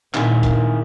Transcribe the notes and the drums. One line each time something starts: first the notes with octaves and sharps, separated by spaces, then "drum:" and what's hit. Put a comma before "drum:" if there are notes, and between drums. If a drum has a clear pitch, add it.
A#2 D#3 E4 G#4, drum: clap
drum: kick, hi-hat